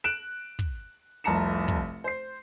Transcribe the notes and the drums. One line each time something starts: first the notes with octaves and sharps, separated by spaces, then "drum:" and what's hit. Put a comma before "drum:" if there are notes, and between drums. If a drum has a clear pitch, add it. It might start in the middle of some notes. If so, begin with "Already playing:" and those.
F#6 D7 E7
drum: kick
F1 C2 A5 A#5 C#7 E7
drum: kick
C5 C7